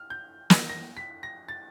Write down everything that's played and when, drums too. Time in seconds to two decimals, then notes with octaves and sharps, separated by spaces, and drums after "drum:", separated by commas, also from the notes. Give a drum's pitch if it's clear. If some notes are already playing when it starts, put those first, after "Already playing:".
Already playing: F6
0.10 G6
0.50 A#6, drum: snare
0.69 A#6
0.97 B6
1.23 A#6
1.49 A6